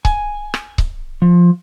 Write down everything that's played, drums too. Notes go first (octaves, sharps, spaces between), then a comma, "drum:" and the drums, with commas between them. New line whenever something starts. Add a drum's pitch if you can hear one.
G#5, drum: kick C#1
drum: rim click
drum: kick C#1
F3